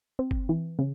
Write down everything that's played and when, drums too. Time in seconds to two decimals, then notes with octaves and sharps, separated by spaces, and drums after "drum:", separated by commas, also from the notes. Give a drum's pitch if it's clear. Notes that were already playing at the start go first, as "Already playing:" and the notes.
0.19 C4
0.31 drum: kick
0.49 E3
0.79 C#3